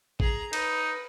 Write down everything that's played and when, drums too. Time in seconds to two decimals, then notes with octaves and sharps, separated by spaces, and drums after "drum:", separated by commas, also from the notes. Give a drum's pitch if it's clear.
0.20 G#4 A#5, drum: kick A1
0.53 D#4 B4, drum: cymbal